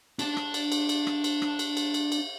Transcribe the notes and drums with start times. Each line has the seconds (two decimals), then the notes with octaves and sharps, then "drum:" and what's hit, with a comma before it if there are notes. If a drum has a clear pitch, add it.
0.19 D4 A5, drum: cymbal
0.37 drum: rim click
0.54 drum: cymbal
0.72 drum: cymbal
0.89 drum: cymbal
1.07 drum: rim click
1.24 drum: cymbal
1.42 drum: rim click
1.59 drum: cymbal
1.77 drum: cymbal
1.94 drum: cymbal
2.12 drum: cymbal